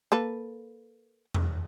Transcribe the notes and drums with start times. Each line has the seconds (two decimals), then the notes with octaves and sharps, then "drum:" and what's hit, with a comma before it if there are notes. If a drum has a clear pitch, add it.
0.12 A#3 A4 B4
1.34 drum: tom E2